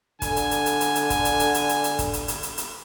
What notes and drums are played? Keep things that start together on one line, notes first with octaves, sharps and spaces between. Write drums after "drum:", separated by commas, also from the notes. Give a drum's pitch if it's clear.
D3 G#5, drum: kick, hi-hat
drum: hi-hat
drum: hi-hat
drum: hi-hat
drum: hi-hat
drum: hi-hat
drum: kick, hi-hat
drum: hi-hat
drum: hi-hat
drum: hi-hat
drum: hi-hat
drum: hi-hat
drum: kick, hi-hat
drum: hi-hat
drum: hi-hat
drum: hi-hat
drum: hi-hat